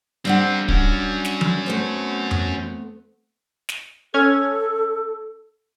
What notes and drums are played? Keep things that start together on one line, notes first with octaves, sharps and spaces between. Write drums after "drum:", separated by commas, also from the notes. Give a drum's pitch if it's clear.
G3 C4 D4 F4 F#5
F#3 C#4, drum: kick
drum: snare
drum: tom F3
A3 B3 C4
drum: tom F2
drum: snare
C#4 A4 F6 G#6